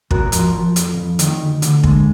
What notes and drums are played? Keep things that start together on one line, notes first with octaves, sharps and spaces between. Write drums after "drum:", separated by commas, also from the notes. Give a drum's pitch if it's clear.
G#2 F#4 A#4, drum: kick
F3, drum: hi-hat
F3
F2, drum: hi-hat
F2
D#3, drum: hi-hat
D2
D3, drum: hi-hat
G#3, drum: kick